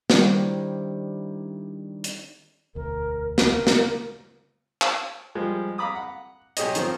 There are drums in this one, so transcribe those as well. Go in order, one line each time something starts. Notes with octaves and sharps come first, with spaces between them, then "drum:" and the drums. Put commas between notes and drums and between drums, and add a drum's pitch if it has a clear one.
D#3 G3 D4 E4 C5, drum: snare
drum: hi-hat
E1 D2 A#4
A#4, drum: snare
drum: snare
drum: clap
F3 G3 G#3
F5 A#5 B5 D6 D#6
F#5
B1 G4 G#4 C#5 D#5, drum: hi-hat
D#3 F3 C4, drum: hi-hat